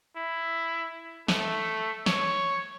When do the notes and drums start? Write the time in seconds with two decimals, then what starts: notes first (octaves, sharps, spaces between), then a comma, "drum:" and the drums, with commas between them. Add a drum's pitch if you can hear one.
0.16 E4
1.28 A3, drum: snare
2.06 C#5, drum: snare